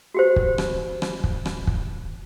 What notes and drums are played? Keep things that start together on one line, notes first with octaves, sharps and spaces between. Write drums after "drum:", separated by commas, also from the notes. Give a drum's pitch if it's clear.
F#4 G4 C5
drum: kick
drum: rim click
drum: rim click
drum: kick
drum: rim click
drum: kick